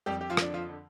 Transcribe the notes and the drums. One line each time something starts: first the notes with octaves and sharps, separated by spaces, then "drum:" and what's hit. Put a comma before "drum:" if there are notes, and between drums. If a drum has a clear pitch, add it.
F2 G3 G4
G4
F3 F4
D3 D4, drum: rim click
F3 F4
D3